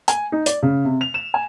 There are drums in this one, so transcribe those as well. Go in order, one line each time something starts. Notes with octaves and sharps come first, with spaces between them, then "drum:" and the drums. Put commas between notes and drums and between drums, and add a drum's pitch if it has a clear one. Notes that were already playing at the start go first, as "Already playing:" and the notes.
G#5, drum: hi-hat
D#4
D5, drum: hi-hat
C#3
C3
F7
E7
G#5